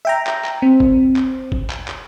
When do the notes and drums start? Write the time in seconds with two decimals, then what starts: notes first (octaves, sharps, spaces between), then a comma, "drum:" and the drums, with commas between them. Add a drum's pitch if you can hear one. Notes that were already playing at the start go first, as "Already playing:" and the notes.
0.05 E5 G5 A#5
0.27 drum: clap
0.44 drum: clap
0.62 C4
0.80 drum: kick F#1
1.16 drum: clap
1.52 drum: kick F#1
1.70 drum: clap
1.88 drum: clap